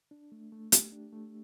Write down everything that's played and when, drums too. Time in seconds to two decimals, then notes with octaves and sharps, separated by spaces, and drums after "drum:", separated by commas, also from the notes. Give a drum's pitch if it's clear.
0.11 D4
0.32 A3
0.52 A3
0.72 G4, drum: hi-hat
0.92 D4
1.13 A3